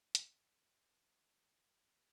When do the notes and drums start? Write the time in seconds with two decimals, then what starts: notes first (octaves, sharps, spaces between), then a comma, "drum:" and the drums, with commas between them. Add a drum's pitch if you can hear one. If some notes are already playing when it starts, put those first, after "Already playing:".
0.15 E3 F#3 A3 B3 F#4, drum: hi-hat